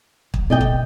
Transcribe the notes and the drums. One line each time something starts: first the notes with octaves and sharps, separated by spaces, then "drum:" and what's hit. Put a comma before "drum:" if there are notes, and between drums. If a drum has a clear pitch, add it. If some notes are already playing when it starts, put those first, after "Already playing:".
D1, drum: kick
B2 D5 D#5 G5
drum: kick